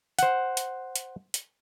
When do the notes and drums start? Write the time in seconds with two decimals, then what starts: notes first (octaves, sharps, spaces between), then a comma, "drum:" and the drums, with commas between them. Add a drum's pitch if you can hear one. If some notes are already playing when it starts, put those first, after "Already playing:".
0.19 C5 F#5, drum: hi-hat
0.57 drum: hi-hat
0.96 drum: hi-hat
1.34 drum: hi-hat